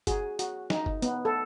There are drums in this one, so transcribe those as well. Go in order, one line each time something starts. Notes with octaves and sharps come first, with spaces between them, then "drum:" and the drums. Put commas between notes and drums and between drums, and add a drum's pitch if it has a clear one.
F#4 G#4, drum: kick F#1, hi-hat
F#4, drum: hi-hat
D#4, drum: snare
drum: kick F#1
B3, drum: hi-hat
A4